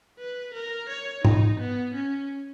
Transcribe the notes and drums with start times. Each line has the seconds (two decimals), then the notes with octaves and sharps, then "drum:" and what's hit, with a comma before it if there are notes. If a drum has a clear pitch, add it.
0.19 B4
0.54 A#4
0.89 C#5
1.25 D#4, drum: tom G#2
1.60 B3
1.95 C#4